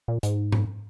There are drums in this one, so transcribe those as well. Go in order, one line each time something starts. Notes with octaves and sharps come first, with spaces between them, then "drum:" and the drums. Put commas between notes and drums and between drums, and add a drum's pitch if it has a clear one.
A#2
G#2, drum: hi-hat
drum: tom G#2